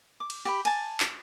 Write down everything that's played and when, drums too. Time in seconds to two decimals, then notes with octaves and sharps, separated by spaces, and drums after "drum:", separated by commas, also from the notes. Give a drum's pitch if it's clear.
0.20 D6
0.30 drum: cymbal
0.45 G4 G5 B5
0.65 G#5 A5, drum: cymbal
1.00 drum: clap